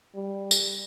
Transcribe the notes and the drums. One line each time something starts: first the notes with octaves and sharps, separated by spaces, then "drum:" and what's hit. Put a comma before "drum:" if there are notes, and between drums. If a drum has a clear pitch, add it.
G3
drum: tambourine